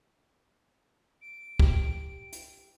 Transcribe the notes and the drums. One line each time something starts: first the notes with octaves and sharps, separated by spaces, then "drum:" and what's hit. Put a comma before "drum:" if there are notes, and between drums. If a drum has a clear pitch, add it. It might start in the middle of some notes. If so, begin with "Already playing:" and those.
D7
G4, drum: kick
drum: hi-hat